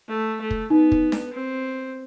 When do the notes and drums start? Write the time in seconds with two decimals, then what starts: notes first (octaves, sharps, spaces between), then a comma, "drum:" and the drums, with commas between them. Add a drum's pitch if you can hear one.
0.09 A3
0.41 A3
0.50 drum: kick
0.70 B3 D#4
0.92 drum: kick
1.12 drum: snare D4
1.33 C4